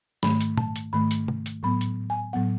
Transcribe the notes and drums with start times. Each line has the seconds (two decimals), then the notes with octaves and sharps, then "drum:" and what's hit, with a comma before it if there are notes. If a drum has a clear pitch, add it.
0.23 G#2 D#3 A3 B5, drum: snare
0.41 drum: hi-hat
0.57 A5, drum: tom
0.76 drum: hi-hat
0.93 G#2 D#3 A3 B5
1.11 drum: hi-hat
1.28 drum: tom
1.46 drum: hi-hat
1.63 A2 F#3 B3 B5
1.81 drum: hi-hat
2.10 G#5
2.33 A2 F#3 B3 F#5